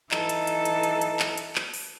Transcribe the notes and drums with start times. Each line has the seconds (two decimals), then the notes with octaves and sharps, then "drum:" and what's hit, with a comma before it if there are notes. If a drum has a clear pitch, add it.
0.11 E3 D#4 A4, drum: clap
0.29 drum: hi-hat
0.47 drum: hi-hat
0.65 drum: hi-hat
0.83 drum: hi-hat
1.01 drum: hi-hat
1.19 drum: clap
1.38 drum: hi-hat
1.56 drum: clap
1.74 drum: open hi-hat